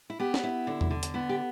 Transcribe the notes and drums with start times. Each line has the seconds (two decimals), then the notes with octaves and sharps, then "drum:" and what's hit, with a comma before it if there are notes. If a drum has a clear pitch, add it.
0.10 E4
0.20 B3 G4
0.34 drum: snare
0.44 E4
0.67 D3
0.81 drum: tom E2
0.91 D3
1.03 drum: hi-hat
1.14 B3 E4
1.29 G4